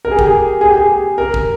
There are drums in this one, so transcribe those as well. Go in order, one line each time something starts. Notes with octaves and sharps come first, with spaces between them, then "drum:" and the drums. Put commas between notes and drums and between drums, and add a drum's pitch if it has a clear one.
A#4
G#4
G4, drum: kick
G#4
G#4
G4
G#4
A#4
drum: kick